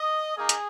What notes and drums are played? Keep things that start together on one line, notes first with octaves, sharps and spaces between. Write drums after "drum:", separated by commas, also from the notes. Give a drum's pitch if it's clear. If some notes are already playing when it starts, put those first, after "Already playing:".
Already playing: D#5
A#3 D#4 G#4
drum: hi-hat